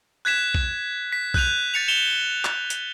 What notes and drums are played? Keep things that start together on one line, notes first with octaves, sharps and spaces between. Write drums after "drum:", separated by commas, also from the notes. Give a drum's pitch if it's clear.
F#6 G#6 B6 E7
drum: kick
B6
F#6 G6 D#7 F7, drum: kick
A6 C#7 F7
C#7 E7 F7 G7
drum: clap
drum: hi-hat